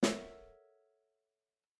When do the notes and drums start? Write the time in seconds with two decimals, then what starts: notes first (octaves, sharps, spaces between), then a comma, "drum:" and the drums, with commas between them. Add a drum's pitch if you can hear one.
0.03 A4 A#4 C#5 E5 F#5, drum: snare